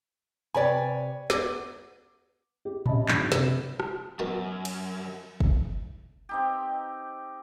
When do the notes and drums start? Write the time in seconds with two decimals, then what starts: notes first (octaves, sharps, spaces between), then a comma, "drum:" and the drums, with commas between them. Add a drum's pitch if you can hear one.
0.54 C3 B4 C#5 D5 G#5
1.30 B3 D6, drum: snare
2.65 G4
2.86 C#4 D#5 E5 A5 B5, drum: tom A2
3.09 G#1 F#2 C#3 D4 B5, drum: clap
3.32 C3, drum: snare
3.80 drum: rim click
4.19 F#2 B2 A#4 A5
4.65 drum: cymbal
5.40 drum: kick
6.29 C4 D#4 G4